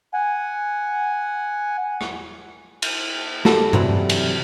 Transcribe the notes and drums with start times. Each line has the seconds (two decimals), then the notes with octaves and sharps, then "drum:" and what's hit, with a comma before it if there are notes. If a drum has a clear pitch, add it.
0.14 F#5 G#5
2.01 drum: rim click
2.82 drum: cymbal
3.45 G3 F#4 A4, drum: snare
3.73 C3 E3 F#3 G3, drum: tom G2
4.09 drum: cymbal